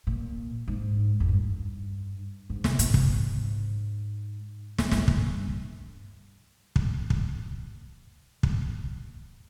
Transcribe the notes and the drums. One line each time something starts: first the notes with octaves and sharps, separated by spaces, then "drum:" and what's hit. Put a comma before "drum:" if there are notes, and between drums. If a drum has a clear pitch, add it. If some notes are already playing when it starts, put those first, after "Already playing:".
A#2
G#2
F2
G2
G#2
C3, drum: snare
A#2, drum: hi-hat
C3, drum: kick
G#2
drum: snare
G2, drum: snare
drum: kick
drum: kick
drum: kick
drum: kick